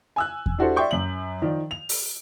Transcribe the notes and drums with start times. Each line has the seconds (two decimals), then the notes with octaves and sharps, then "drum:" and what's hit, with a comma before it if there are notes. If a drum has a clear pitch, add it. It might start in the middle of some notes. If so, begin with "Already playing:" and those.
0.16 G#5 E6 F#6
0.46 drum: kick E2
0.58 D4 E4 F#4 G4 A4 C5
0.76 D5 E5 G5 C6 C#6 G6
0.91 F#2 F#7
1.42 D#3 F3 D5
1.71 F7
1.89 drum: open hi-hat